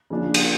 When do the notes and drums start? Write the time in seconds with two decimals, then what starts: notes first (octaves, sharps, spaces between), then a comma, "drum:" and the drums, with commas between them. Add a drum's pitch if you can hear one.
0.10 C#3 F3 A#3 D4
0.34 drum: cymbal